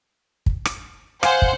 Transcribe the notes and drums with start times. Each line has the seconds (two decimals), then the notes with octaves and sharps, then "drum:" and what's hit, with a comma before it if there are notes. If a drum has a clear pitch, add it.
0.46 drum: kick
0.65 drum: rim click
1.23 C5 F5 F#5 G#5, drum: rim click
1.42 drum: kick